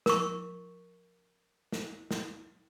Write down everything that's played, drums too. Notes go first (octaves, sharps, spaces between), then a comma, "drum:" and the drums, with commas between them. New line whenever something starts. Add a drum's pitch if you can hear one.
A#4 C#6, drum: snare
drum: snare
drum: snare